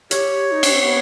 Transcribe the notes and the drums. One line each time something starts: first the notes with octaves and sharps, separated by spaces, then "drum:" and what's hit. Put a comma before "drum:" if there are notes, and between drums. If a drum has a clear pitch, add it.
G4 C#5, drum: hi-hat
D#4
D4, drum: cymbal
C4
B3